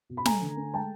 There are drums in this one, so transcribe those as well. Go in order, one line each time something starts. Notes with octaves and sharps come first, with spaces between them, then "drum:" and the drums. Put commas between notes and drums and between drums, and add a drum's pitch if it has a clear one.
B2
B5
A3 G#5 A#5, drum: snare
D3
A3
G#3 G5 A5